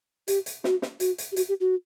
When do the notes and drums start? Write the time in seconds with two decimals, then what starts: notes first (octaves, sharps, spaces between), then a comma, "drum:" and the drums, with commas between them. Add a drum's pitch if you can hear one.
0.28 G4, drum: hi-hat
0.46 drum: hi-hat
0.64 F#4, drum: snare
0.82 drum: snare
1.00 F#4, drum: hi-hat
1.18 drum: hi-hat
1.32 G4
1.36 F#4, drum: hi-hat
1.49 G4
1.60 F#4